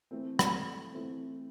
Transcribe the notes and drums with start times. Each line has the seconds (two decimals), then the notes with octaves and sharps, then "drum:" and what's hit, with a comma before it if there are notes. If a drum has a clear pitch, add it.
0.11 E3 A3 C4 A4
0.39 drum: rim click
0.93 E3 A3 C4